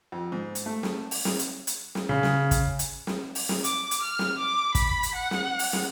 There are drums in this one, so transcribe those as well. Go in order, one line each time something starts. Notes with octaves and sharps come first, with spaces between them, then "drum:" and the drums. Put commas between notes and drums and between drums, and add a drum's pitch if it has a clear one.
F2
G#2
drum: hi-hat
A3
drum: snare
drum: open hi-hat
drum: snare
drum: hi-hat
drum: hi-hat
drum: snare
C#3
drum: snare
drum: kick, hi-hat
drum: hi-hat
drum: snare
drum: open hi-hat
drum: snare
D6, drum: hi-hat
drum: hi-hat
F6
drum: snare
D6
B5, drum: kick, hi-hat
drum: hi-hat
F#5
drum: snare
drum: open hi-hat
drum: snare